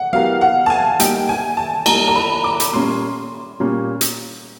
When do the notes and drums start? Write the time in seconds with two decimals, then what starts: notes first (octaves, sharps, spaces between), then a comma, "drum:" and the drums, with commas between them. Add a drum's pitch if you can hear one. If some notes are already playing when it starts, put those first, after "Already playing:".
Already playing: F#5
0.13 F#3 B3 E4 G4 A#4 F5
0.41 F#5
0.66 A5
0.70 G#5
1.00 G3 A#3 D#4 G5, drum: hi-hat
1.29 G#5
1.57 A5
1.86 G3 A#3 D#4 A#5, drum: cymbal
2.08 A#5
2.15 B5
2.44 D6
2.60 drum: hi-hat
2.73 A#2 G3 A#3 C#4 C6
3.60 A#2 G3 A#3 C#4
4.01 drum: hi-hat